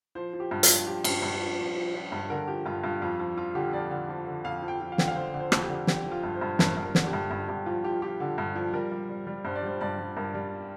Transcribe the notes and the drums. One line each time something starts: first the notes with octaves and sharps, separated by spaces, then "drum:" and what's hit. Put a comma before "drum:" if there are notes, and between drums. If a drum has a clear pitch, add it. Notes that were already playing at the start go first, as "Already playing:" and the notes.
F3 C5
F3
G4
G2
F4, drum: hi-hat
F3
F3 G4
G2, drum: cymbal
G2
F3
F3
F3
F3
G2
D3 A#4
F3 G4
G2 F4
G2 F4
F2 F4
F3 F4
F3 F4
D3 G4
F2 D5
D3
F3
D3
F2 F5
F3
G5
F3
F5
D3 G5, drum: snare
F5
D3 C5
D3
C5
F2, drum: rim click
G4
D3
D3 G4, drum: snare
F3
F4
G2
C5
G2
G2 A#4, drum: snare
G2
A#4
D3, drum: snare
G4
G2
G2
G2 G4
F3 F4
F3 G4
F3 G4
D3
G2
F3
G3 A#4
G3
G3
G3
G2 C5
D5
G3 C5
G2 D5
G3
G2 A#4
G3